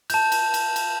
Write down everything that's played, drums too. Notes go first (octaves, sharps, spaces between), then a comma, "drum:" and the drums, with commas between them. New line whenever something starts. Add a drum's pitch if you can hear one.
A5 G6, drum: cymbal
drum: cymbal
drum: cymbal
drum: cymbal